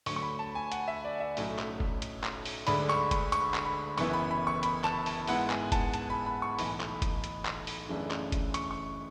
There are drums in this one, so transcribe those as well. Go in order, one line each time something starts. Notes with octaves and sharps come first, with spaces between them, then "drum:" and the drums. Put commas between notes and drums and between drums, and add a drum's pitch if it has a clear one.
D2 D3 F#3 A3 C#6, drum: open hi-hat
C#6
B5
A5
G#5
F#5, drum: hi-hat
E5
D5
E5
B1 A2 F#3 A3 C#4, drum: open hi-hat
drum: clap
drum: kick
drum: hi-hat
drum: clap
drum: open hi-hat
D2 D3 G#3 D4 B5, drum: open hi-hat
C#6, drum: clap
B5, drum: kick, hi-hat
C#6, drum: hi-hat
drum: clap
B5
F#1 F#2 E3 B3 E4 C#6, drum: open hi-hat
B5
B5
C#6
B5, drum: hi-hat
A5, drum: clap
A5, drum: open hi-hat
G#2 G#3 B3 E4 F#5, drum: open hi-hat
G#5, drum: clap
A5, drum: kick, hi-hat
A5, drum: hi-hat
B5
B5
C#6
B1 A2 E3 B5, drum: open hi-hat
drum: clap
drum: kick, hi-hat
drum: hi-hat
drum: clap
drum: open hi-hat
F#2 C#3 E3 A3 D4
drum: clap
drum: kick, hi-hat
C#6, drum: hi-hat
C#6